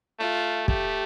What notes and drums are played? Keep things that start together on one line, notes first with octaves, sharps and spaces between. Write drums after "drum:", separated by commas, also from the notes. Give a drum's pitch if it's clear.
A3 F4
A3 G4, drum: kick